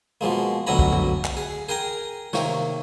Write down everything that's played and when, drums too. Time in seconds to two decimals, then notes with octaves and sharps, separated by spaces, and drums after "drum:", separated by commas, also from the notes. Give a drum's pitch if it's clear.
0.21 B2 F3 G#3 A#3
0.67 D2 B2 F#3 G#5 A#5 B5
0.79 drum: kick
0.92 drum: tom F#2
1.24 drum: clap
1.37 G#4
1.69 G#4 A#4 G5 G#5 A#5
2.33 C3 D#3 A#3 C#5, drum: snare